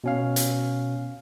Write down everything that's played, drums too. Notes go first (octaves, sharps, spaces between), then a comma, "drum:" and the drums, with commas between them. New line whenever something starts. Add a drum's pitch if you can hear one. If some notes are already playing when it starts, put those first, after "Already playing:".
B2 C#4 F5
drum: hi-hat